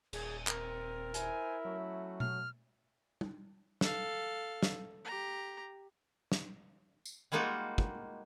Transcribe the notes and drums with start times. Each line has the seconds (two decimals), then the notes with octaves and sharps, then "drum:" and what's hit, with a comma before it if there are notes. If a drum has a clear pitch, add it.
0.13 D#1 G#4, drum: cymbal
0.47 C4 A#4, drum: clap
1.14 E4 C5 G#5, drum: hi-hat
1.65 F#3 A3 C#4 F#4
2.20 F6, drum: tom B2
3.21 drum: tom
3.81 A4 F5, drum: snare
4.63 drum: snare
5.05 G4 A#5
6.32 drum: snare
7.06 drum: tambourine
7.32 G3 G#3 A#3 D#4 F4 F#4
7.78 drum: kick